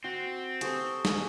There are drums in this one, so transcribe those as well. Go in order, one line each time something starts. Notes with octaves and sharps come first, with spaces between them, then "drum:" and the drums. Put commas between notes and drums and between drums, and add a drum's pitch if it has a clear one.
C4 F#4
G4 A4 C5 G#5 C#6 D#6, drum: hi-hat
drum: snare